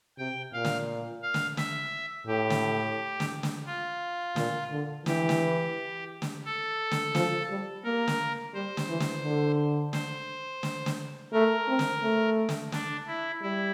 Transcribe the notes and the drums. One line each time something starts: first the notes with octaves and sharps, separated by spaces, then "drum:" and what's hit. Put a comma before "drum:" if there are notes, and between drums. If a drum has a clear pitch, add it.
C3 G5
A#2 F5
drum: snare
F5
drum: snare
E5, drum: snare
A2 G4
drum: snare
drum: snare
drum: snare
F4
A#2, drum: snare
D3
E3 G4, drum: snare
drum: snare
drum: snare
A4
drum: snare
F3, drum: snare
G3
A#3 A#4
drum: snare
G3 C5
drum: snare
E3
drum: snare
D3
C5, drum: snare
drum: snare
drum: snare
A3 A#4
C4
drum: snare
A3
drum: snare
D4, drum: snare
E4
G3 E4